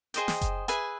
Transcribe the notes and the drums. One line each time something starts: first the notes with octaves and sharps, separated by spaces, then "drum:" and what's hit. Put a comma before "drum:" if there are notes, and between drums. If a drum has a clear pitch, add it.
G#4 C5 D#5 G5, drum: hi-hat
drum: snare
drum: kick F#1, hi-hat
G#4 B4 E5 G#5, drum: hi-hat